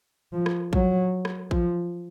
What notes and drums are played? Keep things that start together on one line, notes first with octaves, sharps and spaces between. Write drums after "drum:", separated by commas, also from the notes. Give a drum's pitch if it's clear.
F3
drum: rim click
F#3, drum: kick A1
drum: rim click
F3, drum: kick A1